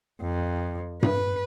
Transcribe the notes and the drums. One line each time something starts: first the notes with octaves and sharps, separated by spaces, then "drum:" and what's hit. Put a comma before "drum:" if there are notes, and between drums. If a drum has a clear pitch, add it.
F2
B4, drum: tom G2